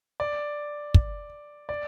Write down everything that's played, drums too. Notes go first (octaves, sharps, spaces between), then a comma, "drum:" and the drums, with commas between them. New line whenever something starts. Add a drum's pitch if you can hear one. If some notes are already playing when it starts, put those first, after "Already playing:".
D5
drum: kick
D5